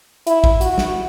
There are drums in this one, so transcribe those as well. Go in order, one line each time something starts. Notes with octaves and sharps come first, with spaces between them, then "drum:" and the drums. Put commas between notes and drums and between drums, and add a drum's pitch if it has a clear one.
E4, drum: hi-hat
drum: kick
F#4, drum: hi-hat
drum: snare